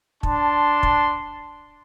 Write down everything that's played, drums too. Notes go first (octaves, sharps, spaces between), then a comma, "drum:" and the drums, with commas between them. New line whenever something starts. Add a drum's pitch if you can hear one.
D4 A5 C6, drum: kick
drum: kick